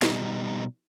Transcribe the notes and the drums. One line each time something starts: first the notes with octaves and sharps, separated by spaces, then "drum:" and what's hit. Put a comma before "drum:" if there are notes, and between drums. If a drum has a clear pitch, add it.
B2 G3 D#4, drum: snare